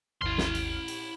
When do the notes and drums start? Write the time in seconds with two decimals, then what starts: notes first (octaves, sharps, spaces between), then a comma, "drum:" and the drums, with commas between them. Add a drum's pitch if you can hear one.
0.21 G#1 D#2 E4 C6 F6
0.38 drum: snare
0.55 drum: cymbal
0.88 drum: cymbal